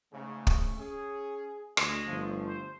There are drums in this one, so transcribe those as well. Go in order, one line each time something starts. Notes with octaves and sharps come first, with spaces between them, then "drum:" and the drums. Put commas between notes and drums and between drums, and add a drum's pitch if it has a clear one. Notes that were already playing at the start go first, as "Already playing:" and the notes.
G#2 C#3 A3
drum: kick
C#4 G#4
D2 G#3 A3, drum: rim click
G1 F3
C5